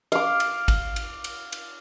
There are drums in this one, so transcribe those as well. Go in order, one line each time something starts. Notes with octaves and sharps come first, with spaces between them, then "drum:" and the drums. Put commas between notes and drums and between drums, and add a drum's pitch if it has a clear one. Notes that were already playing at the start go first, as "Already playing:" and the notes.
F5 D6, drum: cymbal
drum: cymbal
drum: kick, cymbal
drum: cymbal
drum: cymbal
drum: cymbal